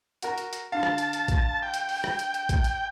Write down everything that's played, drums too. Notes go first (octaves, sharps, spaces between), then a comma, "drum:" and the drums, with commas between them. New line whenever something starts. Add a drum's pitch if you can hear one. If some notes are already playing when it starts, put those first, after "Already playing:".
F#4 A#4, drum: hi-hat
drum: hi-hat
drum: hi-hat
D3 F5 A5
drum: rim click
drum: hi-hat
drum: hi-hat
drum: kick, hi-hat
G5
drum: hi-hat
drum: open hi-hat
drum: rim click
drum: hi-hat
drum: hi-hat
drum: kick, hi-hat
drum: hi-hat